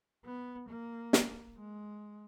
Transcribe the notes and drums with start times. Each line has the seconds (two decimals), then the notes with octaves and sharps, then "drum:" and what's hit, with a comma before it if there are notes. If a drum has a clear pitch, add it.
0.25 B3
0.68 A#3
1.13 drum: snare
1.57 G#3